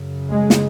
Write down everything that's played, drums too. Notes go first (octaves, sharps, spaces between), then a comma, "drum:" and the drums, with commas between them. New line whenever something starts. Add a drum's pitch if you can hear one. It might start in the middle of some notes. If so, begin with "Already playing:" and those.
Already playing: F#2 C#3
G#3
drum: snare